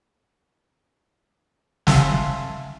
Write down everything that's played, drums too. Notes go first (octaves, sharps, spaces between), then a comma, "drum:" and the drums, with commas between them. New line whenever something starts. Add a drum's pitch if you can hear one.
E5 F5 G#5 A5 C6, drum: snare